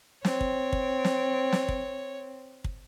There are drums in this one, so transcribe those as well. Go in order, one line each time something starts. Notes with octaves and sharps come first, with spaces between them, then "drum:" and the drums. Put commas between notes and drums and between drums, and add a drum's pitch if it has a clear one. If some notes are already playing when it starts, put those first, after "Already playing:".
C4 C#5, drum: snare
drum: kick
drum: kick
drum: snare
drum: snare
drum: kick
drum: kick